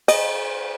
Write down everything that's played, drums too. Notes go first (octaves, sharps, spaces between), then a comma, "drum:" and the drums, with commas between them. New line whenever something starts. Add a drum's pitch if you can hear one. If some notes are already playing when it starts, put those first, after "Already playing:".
D#5, drum: cymbal